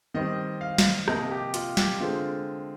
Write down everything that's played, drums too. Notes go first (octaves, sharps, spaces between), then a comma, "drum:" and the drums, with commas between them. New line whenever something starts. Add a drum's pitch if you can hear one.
D#3 G3 C4 D#5
F5
drum: snare
C3 F3 A#3 D#5, drum: rim click
G4
F4, drum: hi-hat
G4, drum: snare
D3 G#3 C4 F4